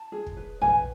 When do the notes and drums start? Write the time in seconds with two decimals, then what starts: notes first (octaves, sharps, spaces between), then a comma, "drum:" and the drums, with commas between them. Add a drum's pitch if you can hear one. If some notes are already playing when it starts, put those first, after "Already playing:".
Already playing: A5
0.12 G#4
0.26 drum: kick
0.37 B4
0.61 B4 G#5, drum: tom A#1